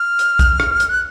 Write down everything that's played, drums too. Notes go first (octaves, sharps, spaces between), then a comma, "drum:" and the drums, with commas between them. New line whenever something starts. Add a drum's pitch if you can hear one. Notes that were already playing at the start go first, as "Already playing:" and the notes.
Already playing: F6
drum: hi-hat
drum: kick A#1, hi-hat
drum: rim click
drum: hi-hat
F#6